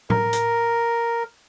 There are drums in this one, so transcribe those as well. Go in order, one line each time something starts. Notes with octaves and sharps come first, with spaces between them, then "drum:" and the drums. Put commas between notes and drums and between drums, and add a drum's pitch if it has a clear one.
A#4, drum: tom A2
drum: hi-hat